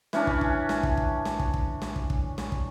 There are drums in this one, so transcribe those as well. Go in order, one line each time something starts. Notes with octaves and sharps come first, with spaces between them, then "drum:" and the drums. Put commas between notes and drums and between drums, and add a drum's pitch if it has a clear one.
E3 C#4 D4, drum: snare
drum: kick
drum: kick
drum: snare
drum: kick
drum: kick
drum: snare
drum: kick
drum: kick
drum: snare
drum: kick
drum: kick
drum: snare
drum: kick